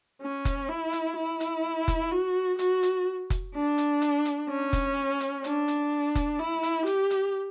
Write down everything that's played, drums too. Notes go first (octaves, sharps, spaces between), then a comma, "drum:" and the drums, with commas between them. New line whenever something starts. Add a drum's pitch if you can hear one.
C#4
drum: kick F1, hi-hat
E4
drum: hi-hat
E4
drum: hi-hat
drum: kick F1, hi-hat
F#4
F#4, drum: hi-hat
drum: hi-hat
drum: kick F1, hi-hat
D4
drum: hi-hat
drum: hi-hat
drum: hi-hat
C#4
drum: kick F1, hi-hat
drum: hi-hat
D4, drum: hi-hat
drum: hi-hat
drum: kick F1, hi-hat
E4
drum: hi-hat
G4, drum: hi-hat
drum: hi-hat